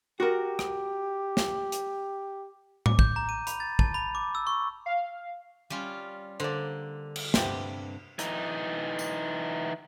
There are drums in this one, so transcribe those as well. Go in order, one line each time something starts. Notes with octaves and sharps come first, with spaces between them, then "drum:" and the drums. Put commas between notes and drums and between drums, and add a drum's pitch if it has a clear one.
F#4 G4 A#4
drum: rim click
drum: snare
drum: hi-hat
D6, drum: tom A2
G6, drum: kick A#1
A#5
D#7
B5, drum: hi-hat
A6
A5, drum: kick A#1
B5
D6
E6
C#6
F5
G3 C#4 F4
D3 A#3 C5 D5
drum: cymbal
G2 C3 B3 G4 C5, drum: snare
E3 D#4, drum: hi-hat
drum: tambourine